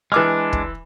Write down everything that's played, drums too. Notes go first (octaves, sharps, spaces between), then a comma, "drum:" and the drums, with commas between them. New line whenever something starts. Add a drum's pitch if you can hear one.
E3 G#3 D4 D6 F6
drum: kick